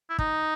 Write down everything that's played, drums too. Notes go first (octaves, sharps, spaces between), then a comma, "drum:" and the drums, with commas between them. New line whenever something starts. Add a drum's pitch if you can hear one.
E4
D#4, drum: kick